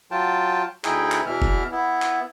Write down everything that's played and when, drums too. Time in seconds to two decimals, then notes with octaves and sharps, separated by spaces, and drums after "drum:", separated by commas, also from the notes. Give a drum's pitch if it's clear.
0.11 F#3 F4 G5 A5
0.84 D2 D#4 E4 G#4 G5, drum: clap
1.12 drum: clap
1.26 E2 B2 E3 E5 F6
1.42 drum: kick F1
1.72 B3 E4
2.02 drum: clap